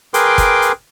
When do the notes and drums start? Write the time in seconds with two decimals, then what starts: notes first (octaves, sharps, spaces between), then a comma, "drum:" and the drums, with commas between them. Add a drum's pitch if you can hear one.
0.14 G#4 A#4 B4 G5 C6 D6, drum: hi-hat
0.38 drum: kick, hi-hat
0.62 drum: hi-hat